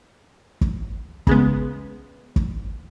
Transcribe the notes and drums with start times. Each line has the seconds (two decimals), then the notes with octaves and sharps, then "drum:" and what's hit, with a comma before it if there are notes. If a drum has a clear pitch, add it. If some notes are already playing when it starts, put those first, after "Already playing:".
0.61 drum: kick
1.27 C#3 G#3 B3, drum: kick
2.36 drum: kick